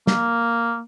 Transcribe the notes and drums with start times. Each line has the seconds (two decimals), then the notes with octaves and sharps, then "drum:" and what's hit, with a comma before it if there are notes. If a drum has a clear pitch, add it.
0.07 A#3, drum: snare